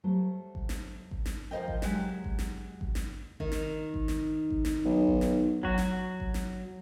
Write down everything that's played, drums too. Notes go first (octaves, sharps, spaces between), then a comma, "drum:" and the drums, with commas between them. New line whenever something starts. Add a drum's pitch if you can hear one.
F#3 G3 A3 C5
drum: kick G#1
drum: snare
drum: kick G#1
drum: snare
F3 A#4 C5 D#5 G5
drum: kick G#1
F#3 G#3 G4, drum: snare
drum: kick G#1
drum: snare
drum: kick G#1
drum: snare
D#3, drum: kick G#1
drum: snare
drum: kick G#1
drum: snare
drum: kick G#1
drum: snare
B1
drum: kick G#1
drum: snare
F#3 F#4, drum: kick G#1
drum: snare
drum: kick G#1
drum: snare